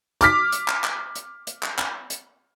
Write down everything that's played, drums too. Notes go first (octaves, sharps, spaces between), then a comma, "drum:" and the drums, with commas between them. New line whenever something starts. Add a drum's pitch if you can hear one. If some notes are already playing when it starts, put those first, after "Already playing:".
D6 F6 B6, drum: hi-hat
drum: hi-hat
drum: clap
drum: clap
drum: hi-hat
drum: hi-hat
drum: clap
drum: clap
drum: hi-hat